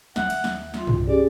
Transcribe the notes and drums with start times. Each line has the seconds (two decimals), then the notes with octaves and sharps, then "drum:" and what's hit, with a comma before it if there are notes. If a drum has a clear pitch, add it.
0.16 D#2 E5 F#5, drum: snare
0.30 drum: cymbal
0.44 drum: snare
0.74 F4, drum: snare
0.87 C2, drum: tom G2
1.07 C#4 G4 G#4 D5